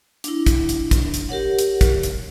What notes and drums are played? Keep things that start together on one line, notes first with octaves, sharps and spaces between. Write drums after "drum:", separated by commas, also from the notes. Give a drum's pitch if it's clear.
D4 E4, drum: hi-hat
drum: kick, hi-hat
drum: hi-hat
drum: kick, hi-hat
drum: hi-hat
G4 A#4 C#5 F#5
drum: hi-hat
drum: kick, hi-hat
drum: hi-hat